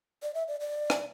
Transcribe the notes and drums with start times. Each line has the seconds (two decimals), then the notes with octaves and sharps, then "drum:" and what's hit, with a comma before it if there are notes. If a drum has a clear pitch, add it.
0.23 D5
0.35 E5
0.48 D5
0.60 D5
0.90 drum: rim click